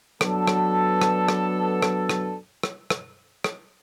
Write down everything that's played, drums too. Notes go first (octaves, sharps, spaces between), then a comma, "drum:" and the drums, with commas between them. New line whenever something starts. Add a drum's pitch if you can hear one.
F#3 B3 D4 A4, drum: rim click
drum: rim click
drum: rim click
drum: rim click
drum: rim click
drum: rim click
drum: rim click
drum: rim click
drum: rim click